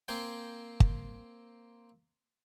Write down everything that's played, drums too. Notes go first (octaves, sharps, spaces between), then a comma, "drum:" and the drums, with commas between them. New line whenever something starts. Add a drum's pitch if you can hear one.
A#3 C4 C5 G5 G#5
drum: kick